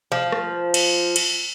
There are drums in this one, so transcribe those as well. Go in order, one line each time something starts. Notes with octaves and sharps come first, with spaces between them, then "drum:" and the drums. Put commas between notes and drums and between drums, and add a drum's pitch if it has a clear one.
F3
drum: rim click
drum: cymbal
drum: cymbal